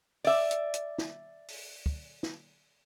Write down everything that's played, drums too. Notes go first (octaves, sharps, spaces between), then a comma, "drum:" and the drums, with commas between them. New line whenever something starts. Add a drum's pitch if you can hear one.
D5 E5, drum: open hi-hat
drum: hi-hat
drum: hi-hat
drum: snare
drum: open hi-hat
drum: kick
drum: snare